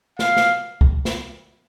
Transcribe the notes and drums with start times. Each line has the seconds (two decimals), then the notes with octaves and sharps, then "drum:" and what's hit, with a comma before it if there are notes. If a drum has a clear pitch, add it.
0.19 F5, drum: snare
0.37 drum: snare
0.81 drum: kick
1.05 drum: snare